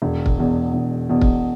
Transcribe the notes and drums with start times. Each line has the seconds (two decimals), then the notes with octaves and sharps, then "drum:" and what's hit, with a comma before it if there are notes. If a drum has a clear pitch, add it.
0.02 E1
0.26 drum: kick
0.38 E2 B2
0.74 E1
1.09 E2 B2
1.21 drum: kick